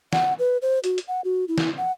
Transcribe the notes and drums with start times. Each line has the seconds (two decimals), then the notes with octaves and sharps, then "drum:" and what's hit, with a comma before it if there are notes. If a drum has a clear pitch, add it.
0.13 F#5, drum: snare
0.39 B4
0.62 C5
0.84 F#4, drum: hi-hat
0.98 drum: hi-hat
1.08 F#5
1.24 F#4
1.48 E4
1.58 drum: snare
1.78 F#5